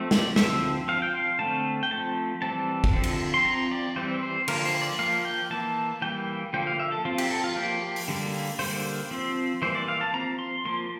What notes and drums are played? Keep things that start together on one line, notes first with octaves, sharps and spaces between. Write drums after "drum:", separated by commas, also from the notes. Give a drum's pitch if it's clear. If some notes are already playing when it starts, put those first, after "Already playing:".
Already playing: F3 A3 C4
D5, drum: snare
D3 F3 C4 E5, drum: snare
F3 C4 F5
G5
F5
D3 A3 C4 A5
G5
F3 A3 C4 A5
E3 G3 C4 A5
drum: kick
D3 F3 C4
drum: cymbal
C6
F3 C4 A#5
D5
E3 G3 C4 C5
C5
D3 F3 A#3 A#4, drum: cymbal
C5, drum: open hi-hat
D5
F3 A#3 F5
G5
E3 A#3 A5
E3 G3 A#3 G5
D3 F3 A#3 G5
F5
E5
A4
F3 C4 F4
G4, drum: cymbal
A4
F4
F3 A#3 G4
G4
drum: open hi-hat
D3 G3 A#3
drum: open hi-hat
D3 G3 A#3 C5, drum: open hi-hat
F3 C4
E3 G3 A#3 C5
D5
F5
A5
F3 C4 A#5
C6
F3 A#3 C6